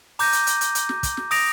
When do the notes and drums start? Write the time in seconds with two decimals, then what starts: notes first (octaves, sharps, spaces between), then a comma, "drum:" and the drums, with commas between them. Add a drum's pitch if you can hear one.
0.19 A#5 D6 G6 A#6 D#7, drum: open hi-hat
0.33 drum: hi-hat
0.47 drum: hi-hat
0.61 drum: hi-hat
0.75 drum: hi-hat
0.89 drum: snare
1.03 drum: kick, hi-hat
1.17 drum: snare
1.31 D#6 A#6 D7 F7, drum: open hi-hat